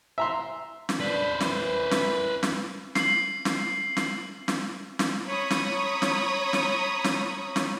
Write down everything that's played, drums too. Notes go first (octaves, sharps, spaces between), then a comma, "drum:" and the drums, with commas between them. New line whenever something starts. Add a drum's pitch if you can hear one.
E5 A#5 C6
drum: snare
D4 B4 C5
E3, drum: snare
drum: snare
drum: snare
C7 F#7, drum: snare
drum: snare
drum: snare
drum: snare
drum: snare
C#5 A#5 B5 C#6 D#6
drum: snare
drum: snare
drum: snare
drum: snare
drum: snare